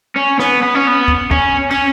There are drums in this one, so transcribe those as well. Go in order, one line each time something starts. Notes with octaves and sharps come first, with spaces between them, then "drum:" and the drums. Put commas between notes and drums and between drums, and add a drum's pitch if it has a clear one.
C#4
B3, drum: snare
B3
C#4
B3
drum: kick
C#4, drum: kick
C#4, drum: cymbal